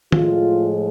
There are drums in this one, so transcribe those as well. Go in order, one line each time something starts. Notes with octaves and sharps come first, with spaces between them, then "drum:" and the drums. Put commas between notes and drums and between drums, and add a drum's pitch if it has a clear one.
A2 F3 G#3 F4, drum: tom D#3